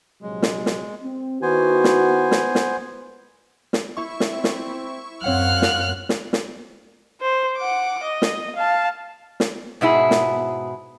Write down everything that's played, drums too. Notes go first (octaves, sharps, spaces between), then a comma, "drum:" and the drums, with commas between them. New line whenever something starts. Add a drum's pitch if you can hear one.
A#1 C3 F#3 G#3
drum: snare
drum: snare
C4
D#3 B3 E4 F#4 B4 C5 G#5
drum: snare
drum: snare
drum: snare
drum: snare
E4 E5 C#6
drum: snare
C4
drum: snare
F#2 C4 C#5 F5 F#5 F6 F#6
drum: snare
drum: snare
drum: snare
C5
F#5 D6
D#5
drum: snare
F5 A5
drum: snare
G#2 B2 E4 G#4
drum: snare